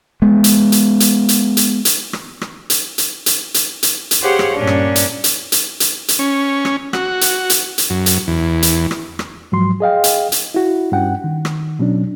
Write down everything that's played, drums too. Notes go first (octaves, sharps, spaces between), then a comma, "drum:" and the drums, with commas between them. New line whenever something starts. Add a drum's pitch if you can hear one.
G#3 B3
drum: hi-hat
drum: hi-hat
drum: hi-hat
drum: hi-hat
drum: hi-hat
drum: hi-hat
drum: rim click
drum: rim click
drum: hi-hat
drum: hi-hat
drum: hi-hat
drum: hi-hat
drum: hi-hat
drum: hi-hat
G4 G#4 C5 C#5 F5 F#5
drum: rim click
G2 A#2 C#4 D4
drum: rim click
drum: hi-hat
drum: hi-hat
drum: hi-hat
drum: hi-hat
drum: hi-hat
C#4
drum: rim click
F#4, drum: rim click
drum: hi-hat
drum: hi-hat
drum: hi-hat
F#2
drum: hi-hat
E2
drum: hi-hat
drum: rim click
drum: rim click
G#2 F3 F#3 C6
G#4 D#5 F5 G5
drum: hi-hat
drum: hi-hat
E4 F#4
G2 C#4 F#5 G5
D#3
drum: rim click
B2 F#3 C#4 D4